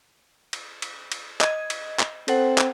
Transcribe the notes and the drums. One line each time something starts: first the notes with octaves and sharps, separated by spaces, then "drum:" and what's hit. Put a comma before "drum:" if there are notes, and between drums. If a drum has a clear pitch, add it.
drum: cymbal
drum: cymbal
drum: cymbal
D#5 G#6, drum: clap
drum: cymbal
drum: clap
C4 A4 C5 F#5, drum: cymbal
drum: clap